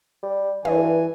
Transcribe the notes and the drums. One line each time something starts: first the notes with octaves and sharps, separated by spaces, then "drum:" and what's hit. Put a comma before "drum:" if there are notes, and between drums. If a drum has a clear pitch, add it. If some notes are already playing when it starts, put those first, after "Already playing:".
G3
G2 E3 G#5, drum: tom